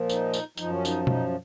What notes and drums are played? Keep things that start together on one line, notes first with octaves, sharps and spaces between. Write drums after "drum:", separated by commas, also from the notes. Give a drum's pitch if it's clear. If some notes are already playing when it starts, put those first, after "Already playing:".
Already playing: A#2 F3
D#4, drum: tambourine
drum: tambourine
F#2 F3 D#4, drum: tambourine
C#4
D#4, drum: tambourine
D#4, drum: tom B2